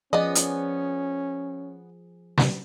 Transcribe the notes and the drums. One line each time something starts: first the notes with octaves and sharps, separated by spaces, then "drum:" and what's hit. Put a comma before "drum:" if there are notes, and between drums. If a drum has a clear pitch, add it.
F3 B3 C#4 G#4 D5 D#5
drum: hi-hat
drum: snare